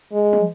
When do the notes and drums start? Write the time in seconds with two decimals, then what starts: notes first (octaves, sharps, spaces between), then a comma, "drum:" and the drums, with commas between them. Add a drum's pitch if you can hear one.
0.13 G#3
0.33 drum: tom